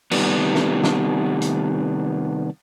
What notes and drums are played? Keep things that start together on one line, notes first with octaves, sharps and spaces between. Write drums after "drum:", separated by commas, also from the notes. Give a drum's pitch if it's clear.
C3 D#3 G3 A3 B3, drum: cymbal
drum: snare
drum: snare
drum: hi-hat